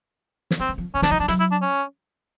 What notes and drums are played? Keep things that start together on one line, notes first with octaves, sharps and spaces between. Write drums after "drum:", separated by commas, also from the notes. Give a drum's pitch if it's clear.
drum: snare
D#3 C4
E3
F3
D3 C#4
D#3 D4, drum: snare
E3 D#4
F3 D4
F#3 E4, drum: hi-hat
E4
D4
C#4